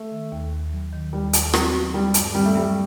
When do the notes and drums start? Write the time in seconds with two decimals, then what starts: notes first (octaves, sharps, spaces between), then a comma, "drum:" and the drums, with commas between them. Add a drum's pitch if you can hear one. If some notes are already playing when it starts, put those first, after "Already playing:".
Already playing: A3
0.12 D#3
0.32 D#2
0.52 D#2
0.73 F#3
0.93 D#3
1.13 D#2 G3
1.33 D#2, drum: hi-hat
1.53 F#3 C4, drum: rim click
1.74 F#3
1.94 G3 D#4
2.14 G2, drum: hi-hat
2.35 G3 C4
2.45 A3
2.55 F#3 G3